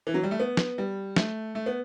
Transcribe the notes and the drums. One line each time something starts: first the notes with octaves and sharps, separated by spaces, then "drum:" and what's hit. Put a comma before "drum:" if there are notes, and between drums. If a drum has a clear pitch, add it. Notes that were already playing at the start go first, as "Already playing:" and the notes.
E3
F#3
G3
A3
B3
drum: snare
G3
A3, drum: snare
A3
B3